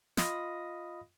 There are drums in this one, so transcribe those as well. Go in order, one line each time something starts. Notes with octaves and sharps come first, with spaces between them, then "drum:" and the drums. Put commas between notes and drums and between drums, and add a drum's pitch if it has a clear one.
F4 D#5 F5 B5 D#6 A#6, drum: snare